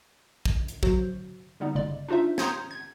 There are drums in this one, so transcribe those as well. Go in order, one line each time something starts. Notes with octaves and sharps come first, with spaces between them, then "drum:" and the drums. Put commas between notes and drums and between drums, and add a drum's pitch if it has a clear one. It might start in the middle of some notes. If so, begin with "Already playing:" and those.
drum: kick
drum: hi-hat
F#3 F#4 C5, drum: kick
D3 G3 B3 D#4
G1 C#3 G#3 D5
D4 D#4 F4 C5 E5
A#5 C6 D#6 G6 G#6, drum: snare
G#6